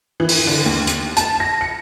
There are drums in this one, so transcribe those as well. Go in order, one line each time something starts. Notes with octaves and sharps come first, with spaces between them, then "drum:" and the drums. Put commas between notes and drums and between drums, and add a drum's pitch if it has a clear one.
E3
drum: open hi-hat
D3
D#2
drum: hi-hat
A5, drum: hi-hat
A#6
C#7